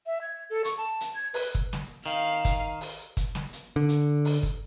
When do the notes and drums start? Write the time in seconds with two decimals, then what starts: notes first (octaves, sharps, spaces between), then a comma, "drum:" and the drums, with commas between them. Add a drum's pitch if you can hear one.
0.06 E5
0.21 G#6
0.50 A4
0.65 C#6, drum: hi-hat
0.78 A5
1.01 drum: hi-hat
1.15 G#6
1.34 B4, drum: open hi-hat
1.55 drum: kick
1.73 drum: snare
2.06 D#3 F5
2.45 drum: kick, hi-hat
2.81 drum: open hi-hat
3.17 drum: kick, hi-hat
3.35 drum: snare
3.53 drum: hi-hat
3.76 D3
3.89 drum: hi-hat
4.25 drum: open hi-hat
4.43 drum: kick